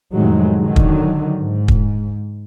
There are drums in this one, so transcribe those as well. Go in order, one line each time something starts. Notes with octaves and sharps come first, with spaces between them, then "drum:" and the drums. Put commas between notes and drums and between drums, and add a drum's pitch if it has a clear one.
F2 A2 C3 D#3 F#3 G#3
D3 D#3 F#3
drum: kick
G#2
drum: kick